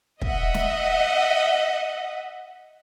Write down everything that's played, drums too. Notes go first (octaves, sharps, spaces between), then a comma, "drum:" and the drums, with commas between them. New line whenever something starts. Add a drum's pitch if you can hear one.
D#5 E5 F#5, drum: kick
drum: snare